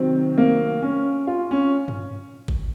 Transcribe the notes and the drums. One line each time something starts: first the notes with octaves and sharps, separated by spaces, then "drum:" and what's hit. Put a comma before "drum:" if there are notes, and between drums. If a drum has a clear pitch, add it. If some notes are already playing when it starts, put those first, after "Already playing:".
Already playing: C3 D#3 F#3 C4
A#3
C#4
F4
C#4
drum: tom G2
drum: kick G#1